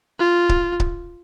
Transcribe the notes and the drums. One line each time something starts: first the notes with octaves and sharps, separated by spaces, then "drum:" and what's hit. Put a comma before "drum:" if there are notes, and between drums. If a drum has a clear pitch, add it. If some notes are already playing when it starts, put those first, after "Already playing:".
F4
drum: kick C#1
drum: kick C#1